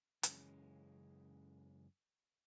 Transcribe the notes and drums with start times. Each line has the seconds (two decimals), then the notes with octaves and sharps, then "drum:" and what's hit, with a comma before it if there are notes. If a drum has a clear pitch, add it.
0.23 F#2 C#3 E3 G#3 C#4, drum: hi-hat